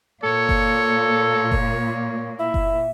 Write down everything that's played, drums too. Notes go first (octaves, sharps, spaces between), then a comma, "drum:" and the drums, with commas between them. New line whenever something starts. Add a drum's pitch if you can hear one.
A#2 A#3 A4 C#5
drum: kick F#1
drum: kick F#1
E4 E5
drum: kick F#1